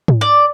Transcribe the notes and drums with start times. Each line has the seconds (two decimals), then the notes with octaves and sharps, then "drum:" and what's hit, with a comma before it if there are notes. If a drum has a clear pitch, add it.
0.08 drum: tom
0.21 D5